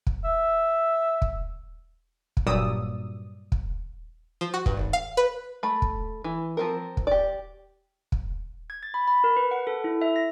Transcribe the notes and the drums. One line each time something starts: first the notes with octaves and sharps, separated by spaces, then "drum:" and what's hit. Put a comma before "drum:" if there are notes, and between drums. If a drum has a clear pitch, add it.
drum: kick
E5
drum: kick
drum: kick
G2 A#2 F#3 D5 D#6 E6
drum: kick
F3
F#4
G2, drum: kick
G#1
F5
B4
A3 B5
drum: kick
E3
F3 C4 A#4
drum: kick
G4 D5
drum: kick
G#6
A6
B5
B5
A#4
B4
F#5
A4
E4
E5
A#6